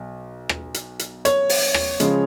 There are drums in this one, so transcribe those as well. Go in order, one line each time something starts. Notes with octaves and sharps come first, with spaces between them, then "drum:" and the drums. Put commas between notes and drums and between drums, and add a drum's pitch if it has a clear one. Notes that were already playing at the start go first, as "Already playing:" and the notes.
Already playing: B1
drum: rim click
drum: hi-hat
drum: hi-hat
C#5, drum: hi-hat
drum: open hi-hat
drum: rim click
C#3 F3 G#3, drum: hi-hat